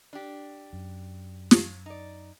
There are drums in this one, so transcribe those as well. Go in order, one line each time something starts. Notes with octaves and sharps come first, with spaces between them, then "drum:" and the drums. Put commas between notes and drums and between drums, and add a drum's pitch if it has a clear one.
D4 G4
F#2
drum: snare
D#4 D5